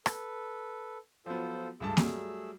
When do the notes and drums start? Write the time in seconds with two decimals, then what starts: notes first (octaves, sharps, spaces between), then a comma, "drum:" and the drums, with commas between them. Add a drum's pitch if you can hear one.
0.06 A4 B4, drum: rim click
1.26 F3 F#3 B3 F4 A4 C5
1.80 C#2 G2 A3 G#4 A5 E6
1.97 F#3 G3, drum: snare A#3